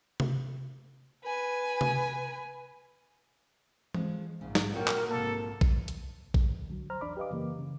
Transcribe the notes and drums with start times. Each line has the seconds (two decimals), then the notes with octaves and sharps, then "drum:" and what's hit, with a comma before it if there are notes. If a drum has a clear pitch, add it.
0.20 drum: tom C3
1.25 B4 G#5
1.81 drum: tom C3
3.94 F3 G#3, drum: tom E3
4.41 A#1 G#2 C#3
4.55 drum: snare
4.74 A#2 D3 F#3 A#3 D#4 F#4 A#4 G5
4.88 drum: clap
5.09 A#1 G#2 C3 A#3 A4
5.61 drum: kick A#1
5.88 drum: hi-hat
6.34 drum: kick A#1
6.70 D3 F#3
6.90 C5 A#5 F6
7.01 E2 D4 D5 B5 D6
7.17 G4 B4 D#5 F5 D6
7.31 F#2 C#3 E3 A#3
7.59 C#3